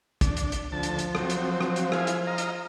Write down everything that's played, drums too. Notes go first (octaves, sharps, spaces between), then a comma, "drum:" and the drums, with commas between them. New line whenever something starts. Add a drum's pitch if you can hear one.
D4, drum: kick, hi-hat
drum: hi-hat
drum: hi-hat
D2 F3 A5
drum: hi-hat
drum: hi-hat
F#3 C4, drum: rim click
drum: hi-hat
drum: rim click
drum: hi-hat
E4 G#4 F5, drum: rim click
drum: hi-hat
D#5 F5 A#5
drum: hi-hat